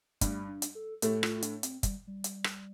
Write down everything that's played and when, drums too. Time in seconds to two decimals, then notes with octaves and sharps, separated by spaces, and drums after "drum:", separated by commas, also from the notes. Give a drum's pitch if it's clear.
0.21 G2 G3 A3, drum: kick, hi-hat
0.48 D4
0.62 drum: hi-hat
0.75 A4
1.02 A2 A3 G4, drum: hi-hat
1.23 F4, drum: rim click
1.37 F4
1.42 D4, drum: hi-hat
1.63 C4, drum: hi-hat
1.83 G3, drum: kick, hi-hat
2.07 G3
2.24 drum: hi-hat
2.44 drum: rim click